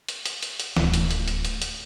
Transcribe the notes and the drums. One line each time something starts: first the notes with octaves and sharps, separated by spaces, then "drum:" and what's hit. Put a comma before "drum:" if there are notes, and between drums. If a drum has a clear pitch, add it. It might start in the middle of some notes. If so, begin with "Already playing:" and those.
drum: hi-hat
drum: hi-hat
drum: hi-hat
drum: hi-hat
D1 A3, drum: snare
drum: hi-hat
drum: hi-hat
drum: hi-hat
drum: hi-hat
drum: hi-hat